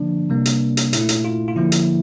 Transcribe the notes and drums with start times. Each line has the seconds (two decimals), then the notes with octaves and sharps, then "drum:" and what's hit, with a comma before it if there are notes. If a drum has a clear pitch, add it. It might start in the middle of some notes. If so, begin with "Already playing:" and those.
Already playing: D3 F3 A#3 D4
0.30 C3 G3 A#3
0.45 drum: hi-hat
0.77 drum: hi-hat
0.93 A#2 A3 E4, drum: hi-hat
1.09 drum: hi-hat
1.25 F4
1.48 F4
1.56 D3 F3 A#3 E4
1.72 drum: hi-hat